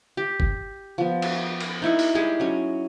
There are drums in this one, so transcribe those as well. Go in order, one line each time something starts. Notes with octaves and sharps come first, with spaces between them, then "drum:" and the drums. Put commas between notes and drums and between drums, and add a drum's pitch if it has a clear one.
G4
drum: kick
F3 B3
drum: cymbal
drum: cymbal
D#4 E4 F#5
drum: open hi-hat
G3 G#3 G4 G#4
F#3 C#4